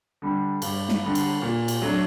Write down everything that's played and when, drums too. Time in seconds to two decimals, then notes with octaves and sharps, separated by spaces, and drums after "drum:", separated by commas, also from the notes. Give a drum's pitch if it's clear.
0.22 D3 G3
0.62 G2, drum: cymbal
0.89 drum: snare
1.02 D3 G3
1.15 drum: cymbal
1.42 A#2
1.68 drum: cymbal
1.82 F#3 A3 D4